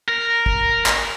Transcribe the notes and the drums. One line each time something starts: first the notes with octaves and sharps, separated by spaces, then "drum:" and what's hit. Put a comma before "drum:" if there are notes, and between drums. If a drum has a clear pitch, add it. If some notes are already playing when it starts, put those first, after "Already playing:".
A#4
drum: kick
drum: clap